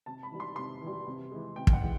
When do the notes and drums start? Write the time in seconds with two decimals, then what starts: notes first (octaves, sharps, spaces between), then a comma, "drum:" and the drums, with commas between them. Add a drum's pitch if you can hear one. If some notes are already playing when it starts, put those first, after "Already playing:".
0.06 C3 A5
0.23 B5
0.31 E3 G3
0.40 C6
0.56 C3 C6
0.81 E3 G3
1.07 C3
1.31 E3 G#3
1.56 C3 G5
1.67 G5, drum: kick
1.73 F#5
1.82 E3 G#3